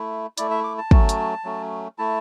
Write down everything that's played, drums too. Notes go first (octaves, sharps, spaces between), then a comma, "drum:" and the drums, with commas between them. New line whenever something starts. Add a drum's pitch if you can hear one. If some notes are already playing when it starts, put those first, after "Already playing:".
Already playing: A3 E4
A3 E4 D5, drum: hi-hat
E5
D6
A5
F#3 A3 C#4, drum: kick
drum: hi-hat
F#3 A3 C#4
A3 E4 A5